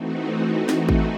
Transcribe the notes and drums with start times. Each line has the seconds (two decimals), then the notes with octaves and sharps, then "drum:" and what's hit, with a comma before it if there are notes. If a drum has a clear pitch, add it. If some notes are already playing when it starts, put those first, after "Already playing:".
Already playing: E3 A3 C4 D#4 F#4
0.69 drum: snare
0.89 drum: kick